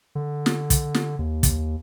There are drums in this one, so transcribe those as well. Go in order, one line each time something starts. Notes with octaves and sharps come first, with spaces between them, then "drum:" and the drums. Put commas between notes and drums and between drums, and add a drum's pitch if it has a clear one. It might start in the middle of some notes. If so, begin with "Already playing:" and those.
D3
drum: snare
drum: kick, hi-hat
drum: snare
D#2
drum: kick, hi-hat